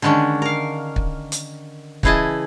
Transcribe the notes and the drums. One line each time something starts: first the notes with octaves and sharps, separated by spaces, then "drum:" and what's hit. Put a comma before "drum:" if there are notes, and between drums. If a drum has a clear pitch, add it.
D3 D#3 G#3 C#4 D4
A#4 F5
drum: kick
drum: hi-hat
C#3 E3 E4 G#4 D#5 A5, drum: kick